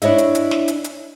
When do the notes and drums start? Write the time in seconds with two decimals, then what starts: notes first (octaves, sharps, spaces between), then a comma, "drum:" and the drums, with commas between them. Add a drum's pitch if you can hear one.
0.02 D4 E4 C#5 D#5 E5, drum: hi-hat
0.18 drum: hi-hat
0.35 drum: hi-hat
0.51 drum: snare
0.68 drum: hi-hat
0.84 drum: hi-hat